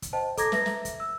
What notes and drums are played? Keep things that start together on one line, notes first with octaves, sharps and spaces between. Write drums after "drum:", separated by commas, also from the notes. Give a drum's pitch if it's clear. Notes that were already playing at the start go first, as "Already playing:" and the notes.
drum: kick, hi-hat
C5 D#5 G5 A5
A4 A#5 D6 G#6 A#6, drum: kick, hi-hat
B4 E5 A#6, drum: snare
E5, drum: snare
drum: kick, hi-hat
E6